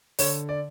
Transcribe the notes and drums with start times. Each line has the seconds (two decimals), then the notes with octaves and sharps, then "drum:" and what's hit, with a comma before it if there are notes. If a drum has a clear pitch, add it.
0.19 D3 C#5, drum: open hi-hat
0.49 D5